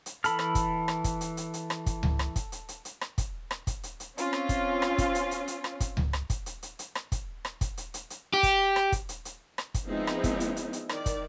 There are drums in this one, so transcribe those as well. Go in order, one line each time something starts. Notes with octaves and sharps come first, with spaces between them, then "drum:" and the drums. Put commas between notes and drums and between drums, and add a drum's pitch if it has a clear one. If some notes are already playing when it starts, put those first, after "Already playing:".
drum: hi-hat
E3 A4 B5 F6, drum: hi-hat
drum: rim click
drum: kick, hi-hat
drum: rim click
drum: kick, hi-hat
drum: hi-hat
drum: hi-hat
drum: hi-hat
drum: rim click
drum: kick, hi-hat
drum: tom C#2
drum: rim click
drum: kick, hi-hat
drum: hi-hat
drum: hi-hat
drum: hi-hat
drum: rim click
drum: kick, hi-hat
drum: rim click
drum: kick, hi-hat
drum: hi-hat
drum: hi-hat
C4 C#4 F4, drum: hi-hat
drum: rim click
drum: kick, hi-hat
drum: rim click
drum: kick, hi-hat
drum: hi-hat
drum: hi-hat
drum: hi-hat
drum: rim click
drum: kick, hi-hat
drum: tom C#2
drum: rim click
drum: kick, hi-hat
drum: hi-hat
drum: hi-hat
drum: hi-hat
drum: rim click
drum: kick, hi-hat
drum: rim click
drum: kick, hi-hat
drum: hi-hat
drum: hi-hat
drum: hi-hat
G4
drum: kick, hi-hat
drum: rim click
drum: kick, hi-hat
drum: hi-hat
drum: hi-hat
drum: rim click
drum: kick, hi-hat
F3 G#3 B3 C4 D#4 E4
drum: rim click
drum: kick, hi-hat
drum: hi-hat
drum: hi-hat
drum: hi-hat
D#3 D5, drum: rim click
drum: kick, hi-hat